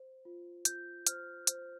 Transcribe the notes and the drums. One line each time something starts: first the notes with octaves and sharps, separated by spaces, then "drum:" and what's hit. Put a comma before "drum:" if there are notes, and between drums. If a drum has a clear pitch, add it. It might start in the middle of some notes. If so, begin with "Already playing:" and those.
Already playing: C5
F4
F4 G6, drum: hi-hat
C5 F6, drum: hi-hat
C5, drum: hi-hat